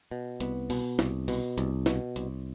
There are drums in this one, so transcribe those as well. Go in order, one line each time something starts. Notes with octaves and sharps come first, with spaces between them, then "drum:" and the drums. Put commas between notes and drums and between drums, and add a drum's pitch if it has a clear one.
B2
C2 B3, drum: hi-hat
B2, drum: open hi-hat
C2, drum: snare
B2, drum: open hi-hat
C2, drum: hi-hat
B2, drum: snare
C2, drum: hi-hat